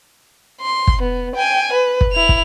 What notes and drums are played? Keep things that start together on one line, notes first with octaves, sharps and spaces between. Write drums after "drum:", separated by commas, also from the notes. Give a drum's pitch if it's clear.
C6
drum: kick
B3
G5 G#5
B4
drum: kick
E4 F7
drum: kick